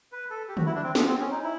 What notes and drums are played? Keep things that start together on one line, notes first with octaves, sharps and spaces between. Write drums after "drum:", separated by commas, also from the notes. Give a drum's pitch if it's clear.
B4
A4
G4
F#4, drum: tom D3
E4
D4
C4
B3, drum: snare
C4
C#4
D#4
E4